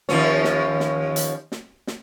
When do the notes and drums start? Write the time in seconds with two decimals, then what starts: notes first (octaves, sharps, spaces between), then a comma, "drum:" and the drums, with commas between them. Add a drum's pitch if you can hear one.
0.09 D#2 F3 C#4, drum: snare
0.44 drum: snare
0.80 drum: snare
1.16 drum: hi-hat
1.52 drum: snare
1.87 drum: snare